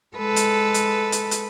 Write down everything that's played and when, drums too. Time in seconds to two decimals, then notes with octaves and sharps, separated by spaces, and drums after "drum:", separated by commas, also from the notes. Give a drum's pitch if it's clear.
0.17 G#3 A4 B4
0.36 drum: hi-hat
0.74 drum: hi-hat
1.12 drum: hi-hat
1.31 drum: hi-hat